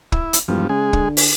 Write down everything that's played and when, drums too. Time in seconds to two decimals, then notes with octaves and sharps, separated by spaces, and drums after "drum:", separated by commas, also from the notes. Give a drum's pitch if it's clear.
0.12 E4, drum: kick
0.33 drum: hi-hat
0.48 E1 G2 F3
0.69 C#3 G#3 G#4
0.93 D3, drum: kick
1.17 drum: open hi-hat